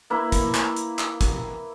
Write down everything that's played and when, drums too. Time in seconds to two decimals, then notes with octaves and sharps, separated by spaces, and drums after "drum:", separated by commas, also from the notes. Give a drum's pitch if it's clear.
0.10 A#3 E4 B4
0.32 drum: kick, hi-hat
0.54 drum: clap
0.76 drum: hi-hat
0.99 drum: clap
1.21 drum: kick, hi-hat